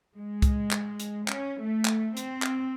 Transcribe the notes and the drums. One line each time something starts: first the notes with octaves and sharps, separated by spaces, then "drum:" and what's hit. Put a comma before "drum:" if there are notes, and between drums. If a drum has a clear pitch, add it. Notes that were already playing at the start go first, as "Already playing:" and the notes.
G#3
drum: kick C2, hi-hat
drum: clap
drum: hi-hat
C#4, drum: clap
A3
drum: clap
C4, drum: hi-hat
drum: clap